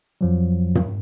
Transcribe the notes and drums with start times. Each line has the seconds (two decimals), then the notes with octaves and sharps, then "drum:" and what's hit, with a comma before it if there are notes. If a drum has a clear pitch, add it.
0.21 F2 F3 F#3
0.75 drum: tom